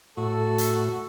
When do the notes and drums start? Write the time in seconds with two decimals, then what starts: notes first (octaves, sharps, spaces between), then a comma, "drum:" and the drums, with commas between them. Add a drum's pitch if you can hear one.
0.17 A2 F#4 A4
0.58 drum: hi-hat